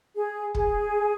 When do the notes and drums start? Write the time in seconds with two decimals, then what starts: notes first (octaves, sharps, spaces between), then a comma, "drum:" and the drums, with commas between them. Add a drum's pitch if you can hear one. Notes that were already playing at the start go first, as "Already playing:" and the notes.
0.16 G#4
0.55 G#4, drum: kick